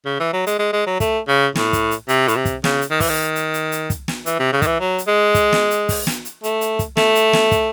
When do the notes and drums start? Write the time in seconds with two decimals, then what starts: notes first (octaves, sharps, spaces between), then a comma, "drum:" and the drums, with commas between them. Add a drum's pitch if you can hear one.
0.05 C#3
0.20 E3
0.33 F#3
0.47 G#3, drum: hi-hat
0.59 G#3
0.73 G#3
0.86 F#3
1.00 A3, drum: kick, hi-hat
1.28 C#3
1.55 A2, drum: snare
1.73 drum: kick, hi-hat
1.91 drum: hi-hat
2.08 C3, drum: hi-hat
2.28 A2, drum: hi-hat
2.36 C3
2.45 drum: kick, hi-hat
2.64 C#3, drum: snare
2.81 drum: hi-hat
2.91 D#3
3.00 E3, drum: kick, open hi-hat
3.10 D#3
3.36 drum: hi-hat
3.54 drum: hi-hat
3.72 drum: hi-hat
3.90 drum: kick, hi-hat
4.08 drum: snare
4.26 E3, drum: hi-hat
4.39 C3
4.53 C#3
4.62 D#3, drum: kick, hi-hat
4.66 E3
4.80 F#3
4.98 drum: hi-hat
5.07 G#3
5.34 drum: kick, hi-hat
5.53 drum: snare
5.71 drum: hi-hat
5.89 drum: kick, open hi-hat
6.07 drum: snare
6.25 drum: hi-hat
6.44 A3, drum: hi-hat
6.61 drum: hi-hat
6.79 drum: kick, hi-hat
6.97 A3, drum: snare
7.15 drum: hi-hat
7.33 drum: snare
7.51 drum: kick, hi-hat